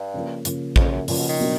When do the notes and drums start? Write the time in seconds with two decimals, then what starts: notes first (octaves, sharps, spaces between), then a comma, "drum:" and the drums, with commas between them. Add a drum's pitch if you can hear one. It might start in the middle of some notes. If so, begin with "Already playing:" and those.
Already playing: G2
0.14 C#3 F3 A#3
0.45 C#3 F3 A#3, drum: hi-hat
0.76 F2 C#3 F3 A#3, drum: kick
0.92 F#2
1.08 G2 C#3 F3 A#3, drum: open hi-hat
1.18 B2
1.29 D#3
1.39 B2 F#3 B3 D4